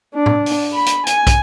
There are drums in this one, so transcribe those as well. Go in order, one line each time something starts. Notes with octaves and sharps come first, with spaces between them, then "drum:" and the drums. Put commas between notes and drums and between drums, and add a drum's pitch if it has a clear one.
D4
drum: tom A2
drum: open hi-hat
B5
drum: hi-hat
G#5, drum: hi-hat
drum: kick, hi-hat